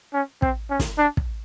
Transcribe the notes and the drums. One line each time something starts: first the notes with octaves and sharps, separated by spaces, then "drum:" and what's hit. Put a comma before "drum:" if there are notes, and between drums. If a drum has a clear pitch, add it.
C#4
C4, drum: kick
C#4
drum: snare
D4
drum: kick